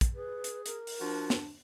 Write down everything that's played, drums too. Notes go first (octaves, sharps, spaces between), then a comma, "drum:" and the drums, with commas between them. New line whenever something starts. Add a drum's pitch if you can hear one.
drum: kick, hi-hat
G#4 B4
drum: hi-hat
A#4, drum: hi-hat
drum: open hi-hat
F3 D4 F#4
drum: snare